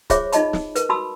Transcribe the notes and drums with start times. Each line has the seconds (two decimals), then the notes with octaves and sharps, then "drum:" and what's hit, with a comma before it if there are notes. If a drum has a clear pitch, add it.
0.10 F4 G#4 C5 C#5 E5 D6, drum: kick C#1, hi-hat
0.32 D#4 F4 D#5 A5 B5, drum: hi-hat
0.53 drum: snare
0.75 A#4 B4, drum: hi-hat
0.89 F#4 A5 B5 D#6 E6